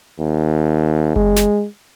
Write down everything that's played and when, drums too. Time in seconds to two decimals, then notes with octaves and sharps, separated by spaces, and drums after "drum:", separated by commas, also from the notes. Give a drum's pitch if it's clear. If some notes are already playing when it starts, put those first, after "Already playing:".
0.19 D#2
1.16 G#3, drum: kick F#1
1.36 drum: snare